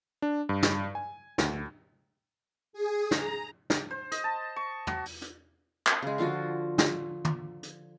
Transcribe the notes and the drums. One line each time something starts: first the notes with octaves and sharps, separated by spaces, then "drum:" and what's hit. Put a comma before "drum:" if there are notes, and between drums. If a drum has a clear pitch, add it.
D4
G2
drum: snare
G#5
D2, drum: snare
G#4
A#5, drum: snare
drum: snare
C5
D#5, drum: hi-hat
A5
C#6
F#4, drum: tom
drum: open hi-hat
drum: hi-hat
drum: clap
C#3 G#3
D3 F3 F4 F#4
drum: snare
drum: tom
drum: hi-hat